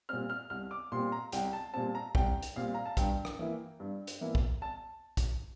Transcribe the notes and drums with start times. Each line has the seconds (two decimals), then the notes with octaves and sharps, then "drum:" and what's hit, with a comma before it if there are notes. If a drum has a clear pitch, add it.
0.09 A#2 G3 C4 F6
0.30 F6
0.50 C2 F6
0.71 D6
0.92 A#2 G3 C4 C6
1.12 A#5
1.32 C2 G5, drum: hi-hat
1.53 A5
1.74 A#2 G3 C4 A5
1.95 A#5
2.15 C2 G5, drum: kick
2.42 drum: hi-hat
2.56 A#2 G3 C4 F5
2.74 A#5
2.85 A5
2.97 G2 G5, drum: kick, hi-hat
3.25 drum: rim click
3.39 E3 A#3 E4
3.80 G2
4.07 drum: hi-hat
4.21 E3 A#3 E4
4.35 drum: kick
4.62 A5
5.17 drum: kick, hi-hat